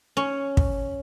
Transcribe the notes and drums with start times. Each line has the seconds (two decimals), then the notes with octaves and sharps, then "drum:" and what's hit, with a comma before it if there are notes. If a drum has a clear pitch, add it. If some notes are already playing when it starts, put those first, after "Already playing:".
0.17 C#4
0.57 drum: kick